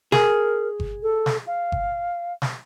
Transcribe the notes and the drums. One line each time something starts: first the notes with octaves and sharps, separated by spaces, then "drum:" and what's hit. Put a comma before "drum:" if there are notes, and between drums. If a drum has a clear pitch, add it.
G#4 A#4, drum: snare
drum: kick G1
A4
drum: snare
F5
drum: kick G1
drum: snare